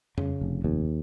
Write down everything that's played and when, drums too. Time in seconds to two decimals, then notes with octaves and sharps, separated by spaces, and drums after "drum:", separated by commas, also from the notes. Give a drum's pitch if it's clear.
0.18 C#3, drum: tom F2
0.41 F1
0.64 D#2